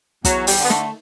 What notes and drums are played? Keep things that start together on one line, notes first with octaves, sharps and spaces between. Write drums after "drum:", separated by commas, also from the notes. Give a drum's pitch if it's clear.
E2 F#3, drum: kick, hi-hat
G3, drum: open hi-hat
D3 B3
A3, drum: snare